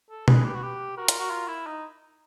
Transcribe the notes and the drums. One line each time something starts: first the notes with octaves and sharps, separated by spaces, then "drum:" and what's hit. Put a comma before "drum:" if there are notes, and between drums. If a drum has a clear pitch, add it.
A4
G#4 B4, drum: tom
G4
F#4
G4
F#4 A#4
F4, drum: hi-hat
F#4
F4
E4
D#4